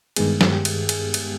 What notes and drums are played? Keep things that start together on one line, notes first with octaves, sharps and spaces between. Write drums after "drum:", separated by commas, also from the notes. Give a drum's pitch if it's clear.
G2 D#3 G#3 B3 G#4, drum: cymbal
drum: snare
G4
drum: cymbal
G#4, drum: cymbal
drum: cymbal